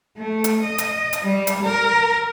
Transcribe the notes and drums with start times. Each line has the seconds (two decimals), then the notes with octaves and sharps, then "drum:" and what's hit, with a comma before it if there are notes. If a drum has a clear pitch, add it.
0.18 A3
0.44 drum: hi-hat
0.64 D#5
0.78 drum: hi-hat
1.13 drum: hi-hat
1.22 G3
1.47 drum: hi-hat
1.64 A#4